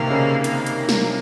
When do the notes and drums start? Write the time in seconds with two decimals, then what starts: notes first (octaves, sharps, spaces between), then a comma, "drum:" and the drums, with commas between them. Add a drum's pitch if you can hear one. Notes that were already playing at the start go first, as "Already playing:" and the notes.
Already playing: C3 D#3 A#3
0.10 C#3
0.44 A#3, drum: hi-hat
0.66 drum: hi-hat
0.89 drum: snare